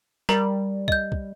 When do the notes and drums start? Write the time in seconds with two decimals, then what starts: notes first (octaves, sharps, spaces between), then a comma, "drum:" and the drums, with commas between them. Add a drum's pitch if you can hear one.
0.29 G3 A#4 A#5, drum: snare
0.88 D#5 G6, drum: kick
1.12 drum: kick